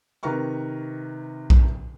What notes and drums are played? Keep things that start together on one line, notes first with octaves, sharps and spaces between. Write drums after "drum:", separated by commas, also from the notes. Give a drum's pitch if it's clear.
C3 D#3 A#4 B4 C#6 F6
drum: kick A#1